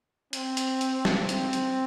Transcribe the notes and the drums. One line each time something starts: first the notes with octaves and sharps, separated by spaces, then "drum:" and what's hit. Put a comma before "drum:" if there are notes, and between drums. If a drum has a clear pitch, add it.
C4, drum: hi-hat
drum: hi-hat
drum: hi-hat
drum: snare
C4, drum: hi-hat
drum: hi-hat